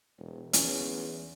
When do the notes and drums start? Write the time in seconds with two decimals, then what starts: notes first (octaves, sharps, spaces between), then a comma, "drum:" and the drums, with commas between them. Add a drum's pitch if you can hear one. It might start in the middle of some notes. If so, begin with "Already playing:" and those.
0.18 E1
0.53 E2 C#4, drum: hi-hat